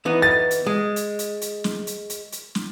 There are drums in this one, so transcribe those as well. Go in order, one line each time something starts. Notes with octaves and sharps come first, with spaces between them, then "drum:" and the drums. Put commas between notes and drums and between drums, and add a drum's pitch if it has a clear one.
E3 B3 D#4
A6
drum: hi-hat
G#3
drum: hi-hat
drum: hi-hat
drum: hi-hat
drum: snare
drum: hi-hat
drum: hi-hat
drum: hi-hat
drum: snare